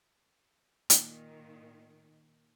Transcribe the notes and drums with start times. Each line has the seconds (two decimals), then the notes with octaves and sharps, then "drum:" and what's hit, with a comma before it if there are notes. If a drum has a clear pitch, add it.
0.90 A#2 D#3, drum: hi-hat